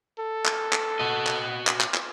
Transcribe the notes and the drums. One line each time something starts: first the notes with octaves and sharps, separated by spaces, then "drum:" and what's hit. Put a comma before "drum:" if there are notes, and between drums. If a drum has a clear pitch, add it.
A4
drum: clap
drum: clap
F#4 D#5
drum: clap
drum: clap
drum: clap
drum: clap